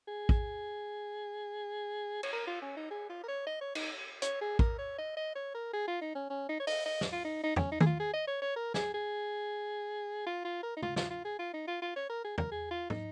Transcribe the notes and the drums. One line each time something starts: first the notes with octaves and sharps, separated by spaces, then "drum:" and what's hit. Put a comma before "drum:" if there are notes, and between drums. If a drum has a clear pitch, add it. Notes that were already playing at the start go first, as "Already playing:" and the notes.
G#4
drum: kick
C#5, drum: cymbal
A#4
F4
C#4
D#4
G#4
F4
A#4
C#5
D#5
C#5
D#4, drum: cymbal
C#5, drum: hi-hat
G#4
A#4, drum: kick
C#5
D#5
D#5
C#5
A#4
G#4
F4
D#4
C#4
C#4
D#4
C#5
D#5, drum: open hi-hat
D#5
drum: snare
F4
D#4
D#4
C#4, drum: tom E2
D#4
G#4, drum: tom D#3
F4
G#4
D#5
C#5
C#5
A#4
G#4, drum: snare
G#4
F4
F4
A#4
D#4
F4, drum: tom
F4, drum: snare
F4
G#4
F4
D#4
F4
F4
C#5
A#4
G#4
A#4, drum: tom E2
G#4
F4
D#4, drum: tom